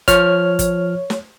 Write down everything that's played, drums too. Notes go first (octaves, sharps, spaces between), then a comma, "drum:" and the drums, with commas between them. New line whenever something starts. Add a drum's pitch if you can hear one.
F3 C#5 F6, drum: kick, hi-hat
drum: kick, hi-hat
drum: snare